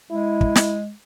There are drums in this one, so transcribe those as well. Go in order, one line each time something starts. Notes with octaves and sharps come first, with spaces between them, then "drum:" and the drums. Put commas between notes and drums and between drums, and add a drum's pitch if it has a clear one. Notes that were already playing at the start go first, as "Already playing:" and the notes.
G#3 E4
drum: kick
drum: snare